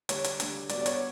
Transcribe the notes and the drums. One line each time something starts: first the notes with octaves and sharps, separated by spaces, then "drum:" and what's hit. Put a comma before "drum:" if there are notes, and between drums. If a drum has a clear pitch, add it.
D3 G3 D4 G4 C#5, drum: hi-hat
drum: hi-hat
D3 G3 D4 G4, drum: hi-hat
G3 B3 F#4 D5, drum: hi-hat
D5
C#5, drum: hi-hat